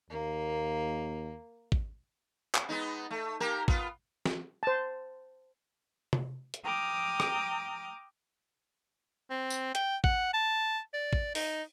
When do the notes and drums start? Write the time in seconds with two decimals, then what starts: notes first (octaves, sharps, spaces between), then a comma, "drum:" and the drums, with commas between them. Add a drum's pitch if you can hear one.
0.10 D#2 A#3
1.72 drum: kick
2.55 drum: clap
2.69 G#3 B3 D#4
3.10 A3
3.40 A#3 G4 A#4
3.68 B3 F4, drum: kick
4.26 drum: snare
4.63 C5 A5
6.13 drum: tom C3
6.54 drum: hi-hat
6.65 G5 A#5 D6 D#6 F6
7.20 drum: rim click
9.30 C4
9.50 drum: tambourine
9.75 G5, drum: hi-hat
10.04 F#5, drum: kick
10.34 A5
10.94 D5
11.13 drum: kick
11.35 D#4, drum: open hi-hat